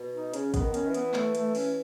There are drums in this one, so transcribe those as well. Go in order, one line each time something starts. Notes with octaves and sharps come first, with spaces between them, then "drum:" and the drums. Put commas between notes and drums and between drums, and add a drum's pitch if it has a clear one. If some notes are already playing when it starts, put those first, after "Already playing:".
Already playing: B2
D#4
C#3 C#4, drum: hi-hat
B3, drum: kick, hi-hat
D#3
C#4, drum: hi-hat
E3
B3, drum: hi-hat
E3 A3, drum: clap
A3, drum: hi-hat
C#4, drum: open hi-hat